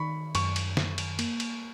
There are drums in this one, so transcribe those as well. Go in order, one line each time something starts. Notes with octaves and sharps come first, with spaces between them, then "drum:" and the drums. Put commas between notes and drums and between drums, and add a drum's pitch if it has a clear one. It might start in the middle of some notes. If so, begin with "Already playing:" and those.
Already playing: D#3 B5 C#6
F#2 C#6, drum: cymbal
drum: cymbal
F#2, drum: snare
drum: cymbal
A#3, drum: cymbal
drum: cymbal